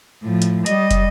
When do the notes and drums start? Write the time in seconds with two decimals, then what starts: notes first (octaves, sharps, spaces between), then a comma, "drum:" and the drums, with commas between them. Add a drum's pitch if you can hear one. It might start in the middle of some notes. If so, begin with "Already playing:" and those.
0.24 A2 F3
0.42 drum: hi-hat
0.66 G3 D#5, drum: hi-hat
0.91 drum: kick, hi-hat